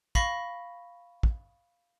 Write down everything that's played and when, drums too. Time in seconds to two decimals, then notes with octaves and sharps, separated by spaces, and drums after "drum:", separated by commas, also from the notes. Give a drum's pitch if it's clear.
0.15 F5 B5 C#6 A#6 B6, drum: kick
1.23 drum: kick